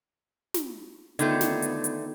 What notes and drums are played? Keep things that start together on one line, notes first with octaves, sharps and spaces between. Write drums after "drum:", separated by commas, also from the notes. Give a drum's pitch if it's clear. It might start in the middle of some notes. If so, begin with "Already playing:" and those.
drum: snare
D3 D#3 A3 B3 F4 G6 G#6, drum: hi-hat
drum: snare
drum: hi-hat
drum: hi-hat